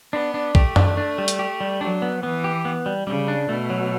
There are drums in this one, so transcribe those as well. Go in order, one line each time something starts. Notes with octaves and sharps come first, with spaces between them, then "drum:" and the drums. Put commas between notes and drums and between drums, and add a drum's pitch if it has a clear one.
B3 D4
D4
A3 G4, drum: kick B1
D4, drum: tom F#2
D4
G3
drum: hi-hat
G4
G3
F#3 D4
B3
E3 B3
G4
B3
G3
C#3 G3
D4
B2 A3
F#3